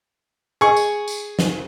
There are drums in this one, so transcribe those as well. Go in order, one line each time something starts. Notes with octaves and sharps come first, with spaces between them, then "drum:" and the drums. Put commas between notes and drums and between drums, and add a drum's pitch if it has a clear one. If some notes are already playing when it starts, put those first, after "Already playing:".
G#4 C#6
drum: tambourine
drum: tambourine
drum: snare